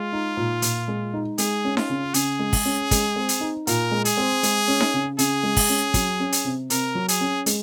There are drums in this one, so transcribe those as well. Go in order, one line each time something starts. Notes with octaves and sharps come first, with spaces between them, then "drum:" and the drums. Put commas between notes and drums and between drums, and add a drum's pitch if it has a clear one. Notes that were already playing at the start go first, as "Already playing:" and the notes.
Already playing: G#3 F4
D#4
A#2
A#2, drum: hi-hat
G#3
D#4
G#3 G#4, drum: hi-hat
C#4
F4, drum: snare D#4
C#3
C#3 G#4, drum: hi-hat
G#3
drum: kick, open hi-hat
C#4
G#3, drum: kick, hi-hat
C4
drum: hi-hat
D#4
A#2 A#4, drum: hi-hat
G#3
G#4, drum: hi-hat
C4
G#3, drum: hi-hat
C#4
drum: snare D#4
C#3
C#3 G#4, drum: hi-hat
G#3
drum: kick, open hi-hat
C#4
F#3, drum: kick, hi-hat
C#4
drum: hi-hat
C3
C3 A#4, drum: hi-hat
F#3
G#4, drum: hi-hat
C#4
G#3, drum: hi-hat